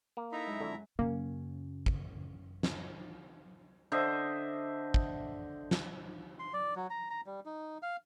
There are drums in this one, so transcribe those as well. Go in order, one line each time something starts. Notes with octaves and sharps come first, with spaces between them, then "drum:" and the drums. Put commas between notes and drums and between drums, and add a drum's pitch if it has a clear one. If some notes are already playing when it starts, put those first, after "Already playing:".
A#3
D#4 E4 A4 E5 F5 A#5 B5
F#2 G#3
F2 D3 A4
F#2 C#3 F#3 A#3 C#4
drum: kick
drum: snare
D3 C5 D#5 E5
drum: kick
drum: snare
C6
D5
F#3
A#5
A#5
G3
D#4
F5